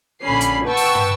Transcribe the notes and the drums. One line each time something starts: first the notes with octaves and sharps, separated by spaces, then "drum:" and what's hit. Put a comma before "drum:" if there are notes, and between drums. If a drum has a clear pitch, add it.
A#1 D3 C#4 B5 C7
drum: hi-hat
B4 F#5 G5 A5 C#6 E6
drum: open hi-hat
drum: tom